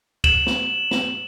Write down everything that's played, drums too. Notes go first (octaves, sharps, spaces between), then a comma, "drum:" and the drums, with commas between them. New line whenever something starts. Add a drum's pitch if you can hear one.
E7 F#7, drum: kick, cymbal
drum: snare
drum: snare